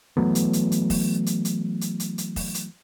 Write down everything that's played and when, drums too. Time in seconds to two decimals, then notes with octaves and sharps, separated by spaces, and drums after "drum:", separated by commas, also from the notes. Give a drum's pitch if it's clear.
0.17 E3 F#3 A3 B3
0.35 drum: hi-hat
0.53 drum: hi-hat
0.72 drum: hi-hat
0.90 drum: kick F1, open hi-hat
1.26 drum: hi-hat
1.45 drum: hi-hat
1.81 drum: hi-hat
2.00 drum: hi-hat
2.18 drum: hi-hat
2.36 drum: kick F1, open hi-hat
2.54 drum: hi-hat